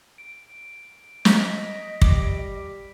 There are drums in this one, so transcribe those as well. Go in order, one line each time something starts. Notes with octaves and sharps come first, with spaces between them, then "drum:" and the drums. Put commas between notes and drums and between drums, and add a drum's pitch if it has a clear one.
D7
D#5 B6, drum: snare
G3 D6, drum: kick